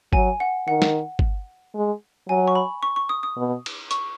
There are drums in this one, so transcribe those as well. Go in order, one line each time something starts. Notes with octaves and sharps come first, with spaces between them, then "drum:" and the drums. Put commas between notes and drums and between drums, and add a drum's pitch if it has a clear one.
F#3 G#5, drum: kick G1
F#5
D#3 F#5
drum: snare
drum: kick G1
G#3
F#3 G#5
C#6
B5
C#6
C#6
D#6
D#6
B2
drum: cymbal
C#6, drum: hi-hat